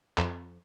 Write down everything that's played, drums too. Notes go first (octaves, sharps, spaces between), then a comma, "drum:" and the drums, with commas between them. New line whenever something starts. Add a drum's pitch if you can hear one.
F2, drum: clap